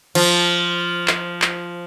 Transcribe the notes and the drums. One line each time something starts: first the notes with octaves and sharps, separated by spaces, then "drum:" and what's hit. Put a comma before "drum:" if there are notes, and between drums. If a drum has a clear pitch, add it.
F3, drum: cymbal
drum: clap
drum: clap